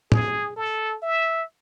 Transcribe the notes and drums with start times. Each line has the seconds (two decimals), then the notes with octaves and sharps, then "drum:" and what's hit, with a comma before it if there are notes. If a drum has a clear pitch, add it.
0.12 G#4, drum: tom
0.56 A4
1.03 E5